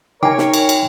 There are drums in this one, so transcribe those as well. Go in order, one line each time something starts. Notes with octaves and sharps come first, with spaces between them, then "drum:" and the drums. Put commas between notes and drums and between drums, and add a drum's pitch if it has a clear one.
D#4 A#4 C#5 G5 G#5 D6 C7, drum: tom C3
drum: snare
drum: cymbal
drum: cymbal